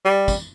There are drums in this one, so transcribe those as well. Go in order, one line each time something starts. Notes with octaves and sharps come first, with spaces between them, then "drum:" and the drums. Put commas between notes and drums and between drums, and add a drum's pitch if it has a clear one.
G3
drum: kick, tambourine